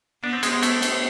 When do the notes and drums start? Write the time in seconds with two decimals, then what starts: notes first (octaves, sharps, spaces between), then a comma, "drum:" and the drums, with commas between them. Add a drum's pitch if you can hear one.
0.23 B3 D4
0.33 C4
0.43 G#3, drum: cymbal
0.53 G#3
0.63 A3 B3, drum: cymbal
0.82 drum: cymbal